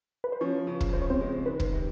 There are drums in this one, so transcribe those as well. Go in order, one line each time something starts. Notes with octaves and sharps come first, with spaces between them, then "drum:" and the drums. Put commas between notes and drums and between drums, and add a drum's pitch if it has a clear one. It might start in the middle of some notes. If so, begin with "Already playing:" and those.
B4
C5
F3 C#4 C#5
C#3
drum: kick
C#3 C5
C#5
C4 C5
G#3
D#3 B4
drum: kick
C3